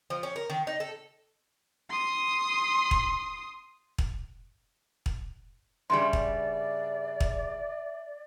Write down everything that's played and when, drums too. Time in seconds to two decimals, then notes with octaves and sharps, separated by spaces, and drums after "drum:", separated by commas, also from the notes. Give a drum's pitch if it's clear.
0.10 F3
0.23 C#4
0.36 A#4
0.50 D#3
0.67 D#4
0.80 A4
1.90 C6 D#6
2.91 drum: kick
3.98 drum: kick
5.06 drum: kick
5.90 G2 C#3 G3 D5 E5 C6
6.13 drum: kick
7.20 drum: kick